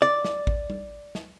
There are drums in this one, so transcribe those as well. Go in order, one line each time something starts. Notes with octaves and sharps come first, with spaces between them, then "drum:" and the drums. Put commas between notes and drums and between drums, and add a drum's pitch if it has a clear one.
D5
drum: snare
drum: kick
drum: tom G3
drum: snare